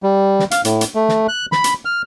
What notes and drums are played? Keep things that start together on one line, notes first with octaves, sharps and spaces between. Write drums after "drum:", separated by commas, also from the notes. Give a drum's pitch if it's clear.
G3
drum: snare
F5, drum: hi-hat
A2, drum: hi-hat
drum: hi-hat
A3
drum: snare
F#6
B5, drum: snare
drum: hi-hat
F6